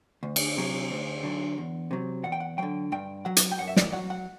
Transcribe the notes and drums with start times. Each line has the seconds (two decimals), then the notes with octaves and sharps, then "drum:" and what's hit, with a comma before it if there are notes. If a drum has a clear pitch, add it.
0.23 D2
0.36 drum: cymbal
0.57 C3 F#3
0.91 D2
1.23 D3 F#3
1.58 E2
1.91 C3 F#3
2.24 E2 F#5
2.32 G5
2.40 F#5
2.58 D3 F#3 G5
2.92 G2 G5
3.25 F#3 F#5
3.37 drum: hi-hat
3.52 G5
3.59 F#2 F#5
3.67 E5
3.76 D5, drum: snare
3.92 F#3 F#5
4.10 F#5